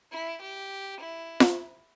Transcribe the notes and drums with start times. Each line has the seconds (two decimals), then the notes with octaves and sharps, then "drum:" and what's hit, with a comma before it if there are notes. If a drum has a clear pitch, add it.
0.12 E4
0.41 G4
1.00 E4
1.40 drum: snare F4